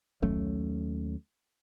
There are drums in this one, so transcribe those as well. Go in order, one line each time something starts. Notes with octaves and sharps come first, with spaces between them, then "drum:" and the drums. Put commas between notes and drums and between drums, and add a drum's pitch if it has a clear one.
D#2 F#3 A3 C#4, drum: kick